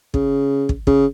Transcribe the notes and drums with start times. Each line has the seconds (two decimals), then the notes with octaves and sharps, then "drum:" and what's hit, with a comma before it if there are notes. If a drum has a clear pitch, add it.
0.14 C#3, drum: kick
0.69 drum: kick
0.87 C#3, drum: kick